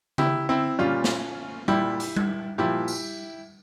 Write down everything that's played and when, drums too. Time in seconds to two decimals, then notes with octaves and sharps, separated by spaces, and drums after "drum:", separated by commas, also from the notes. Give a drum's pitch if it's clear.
0.18 E4 G4, drum: tom C#3
0.49 C4 E4
0.79 A#2 G3 C#4 F4
1.04 drum: snare
1.68 A#2 G3 E4 G4, drum: tom G3
2.00 drum: hi-hat
2.16 drum: tom G3
2.58 A#2 F3 E4 G4
2.88 drum: tambourine